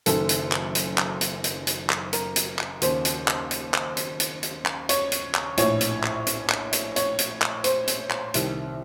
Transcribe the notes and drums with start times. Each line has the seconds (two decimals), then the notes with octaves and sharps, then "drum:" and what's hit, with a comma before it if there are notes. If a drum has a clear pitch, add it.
0.06 F#1 F#2 D#3 A4, drum: hi-hat
0.29 drum: hi-hat
0.52 drum: clap
0.75 drum: hi-hat
0.98 drum: clap
1.21 drum: hi-hat
1.44 drum: hi-hat
1.67 drum: hi-hat
1.90 drum: clap
2.13 A#4, drum: hi-hat
2.36 drum: hi-hat
2.59 drum: clap
2.82 D#2 C#3 C5, drum: hi-hat
3.05 drum: hi-hat
3.28 drum: clap
3.51 drum: hi-hat
3.74 drum: clap
3.97 drum: hi-hat
4.20 drum: hi-hat
4.43 drum: hi-hat
4.66 drum: clap
4.89 C#5, drum: hi-hat
5.12 drum: hi-hat
5.35 drum: clap
5.57 A#1 A2 C#5, drum: hi-hat
5.81 drum: hi-hat
6.04 drum: clap
6.27 drum: hi-hat
6.50 drum: clap
6.73 drum: hi-hat
6.96 C#5, drum: hi-hat
7.19 drum: hi-hat
7.42 drum: clap
7.64 C5, drum: hi-hat
7.88 drum: hi-hat
8.11 drum: clap
8.34 C2 C3 D#3, drum: hi-hat